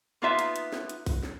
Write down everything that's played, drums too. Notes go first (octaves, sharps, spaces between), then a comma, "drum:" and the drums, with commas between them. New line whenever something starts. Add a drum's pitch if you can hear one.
A#3 B3 D#4 F4 B4 E5
drum: hi-hat
drum: hi-hat
drum: snare
drum: hi-hat
drum: kick A#1, open hi-hat
drum: snare